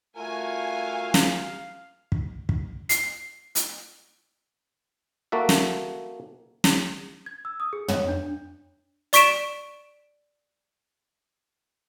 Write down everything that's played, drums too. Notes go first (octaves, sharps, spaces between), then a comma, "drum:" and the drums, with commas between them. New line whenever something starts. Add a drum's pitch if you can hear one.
A3 F4 F#4 A#4 F5 G#5
drum: snare
drum: kick
drum: kick
C7, drum: hi-hat
drum: hi-hat
A#3 F#4 A4 E5
drum: snare
drum: snare
G#6
E6
D#6
G#4
C#5, drum: tom
D4
D5 C#6 B6 D7 E7, drum: hi-hat